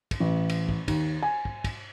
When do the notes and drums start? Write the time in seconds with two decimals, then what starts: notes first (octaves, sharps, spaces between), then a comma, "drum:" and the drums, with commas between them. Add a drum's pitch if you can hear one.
0.11 drum: kick, cymbal
0.20 A1
0.49 drum: cymbal
0.69 drum: kick
0.88 D#2, drum: kick, cymbal
1.22 G#5
1.45 drum: kick
1.64 drum: kick, cymbal